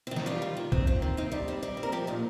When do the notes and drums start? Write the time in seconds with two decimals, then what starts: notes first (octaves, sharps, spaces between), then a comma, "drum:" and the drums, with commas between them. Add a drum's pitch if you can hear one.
0.07 C4
0.11 D#3
0.16 D#4, drum: snare
0.26 G3 F4
0.42 D#3
0.57 D#3
0.72 C4, drum: kick
0.87 C4
1.02 D#3
1.17 C4 D#4
1.32 G3 D#4
1.48 G3 C4
1.63 G3 D#4
1.77 C4
1.83 A#4
1.92 F3 G4
2.07 A#2 D#4